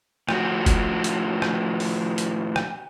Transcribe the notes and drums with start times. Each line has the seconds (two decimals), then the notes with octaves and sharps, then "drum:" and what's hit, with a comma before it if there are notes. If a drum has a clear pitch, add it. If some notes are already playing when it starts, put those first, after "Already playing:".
0.29 A2 F3 F#4, drum: rim click
0.66 drum: kick, hi-hat
1.04 drum: hi-hat
1.42 drum: rim click
1.80 drum: open hi-hat
2.18 drum: hi-hat
2.56 drum: rim click